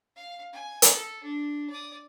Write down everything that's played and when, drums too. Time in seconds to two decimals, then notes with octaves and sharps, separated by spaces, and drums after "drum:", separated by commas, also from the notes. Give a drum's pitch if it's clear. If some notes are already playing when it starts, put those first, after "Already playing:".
0.16 F5
0.53 G#5
0.82 drum: hi-hat
0.94 A4
1.23 D4
1.70 D5 D#6